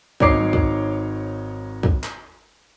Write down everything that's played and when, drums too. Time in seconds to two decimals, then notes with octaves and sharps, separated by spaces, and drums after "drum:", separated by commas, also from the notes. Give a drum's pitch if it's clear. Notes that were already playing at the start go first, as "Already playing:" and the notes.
0.20 G#1 D#4 C#5 D6 C7, drum: kick
0.34 drum: tom F#3
0.53 drum: kick
1.83 drum: kick
2.04 drum: clap